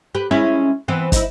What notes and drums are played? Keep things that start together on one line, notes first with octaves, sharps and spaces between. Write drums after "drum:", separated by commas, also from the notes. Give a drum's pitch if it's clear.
G4 B4
G#3 C#4 E4
E3 B3 C4
D#4 E4, drum: kick, hi-hat